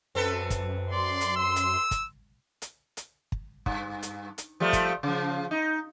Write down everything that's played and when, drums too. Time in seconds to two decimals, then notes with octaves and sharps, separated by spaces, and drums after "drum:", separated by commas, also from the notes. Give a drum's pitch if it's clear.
0.15 F#2 C4 A4 B4
0.50 drum: kick, hi-hat
0.93 D5 C6
1.21 drum: hi-hat
1.37 E6
1.56 drum: hi-hat
1.91 drum: kick, hi-hat
2.62 drum: hi-hat
2.97 drum: hi-hat
3.32 drum: kick
3.66 G2, drum: kick
4.03 drum: hi-hat
4.38 drum: hi-hat
4.60 F3 G3 A3
4.73 drum: kick, hi-hat
5.03 C#3 F3
5.51 D#4